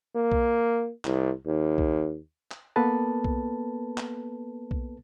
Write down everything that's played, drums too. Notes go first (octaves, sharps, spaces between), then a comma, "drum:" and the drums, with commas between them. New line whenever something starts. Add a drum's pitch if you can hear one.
A#3
drum: kick B1
C2, drum: clap
D#2
drum: kick B1
drum: clap
A#3 B3 A4 B4 A5
drum: kick B1
drum: clap
drum: kick B1